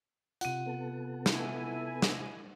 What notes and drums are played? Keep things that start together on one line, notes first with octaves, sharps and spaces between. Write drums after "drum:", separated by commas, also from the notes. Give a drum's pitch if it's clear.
C3 F4 F#5 D#7, drum: hi-hat
B3 A4
E4 G#5, drum: snare
drum: snare